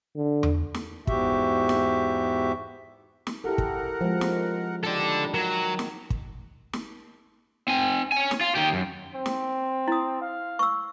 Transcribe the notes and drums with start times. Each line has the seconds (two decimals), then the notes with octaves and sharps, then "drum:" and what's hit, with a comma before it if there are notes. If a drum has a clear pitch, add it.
0.17 D3
0.43 drum: tom E2
0.74 drum: snare
1.07 E2 G#2 F#4 G4 E5, drum: kick
1.69 drum: snare
3.27 drum: snare
3.44 E4 G4 A4 A#4 F#5
3.58 drum: kick
4.01 F3 G#3
4.21 drum: snare
4.84 D#3 G3 D4 A4 D5
5.34 D#3 F#3 A#4
5.79 drum: snare
6.10 drum: kick
6.73 drum: snare
7.68 C4 G#5
8.12 C#4 G#5
8.31 drum: snare
8.41 F4
8.55 D#3 G4
8.73 F#2
9.15 C4
9.26 drum: snare
9.88 E4 D#6
10.21 F5
10.59 C#6 E6